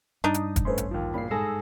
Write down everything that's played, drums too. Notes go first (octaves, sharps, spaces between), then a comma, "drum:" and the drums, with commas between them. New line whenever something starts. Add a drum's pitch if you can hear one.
G2 D4 D#4 D#6
drum: hi-hat
drum: kick, hi-hat
A3 C#4 B4 C5 C6
A1, drum: hi-hat
D#2 F3
E1 A#2 B5 C7
G#2 G#4 A4 E6 A#6